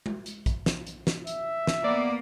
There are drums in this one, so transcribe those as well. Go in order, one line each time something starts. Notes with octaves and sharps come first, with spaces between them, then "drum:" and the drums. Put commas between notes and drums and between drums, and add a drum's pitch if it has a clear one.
drum: tom G#3
drum: hi-hat
drum: kick A#1, hi-hat
drum: snare
drum: hi-hat
drum: snare
E5, drum: hi-hat
drum: snare
A#3 B3 D5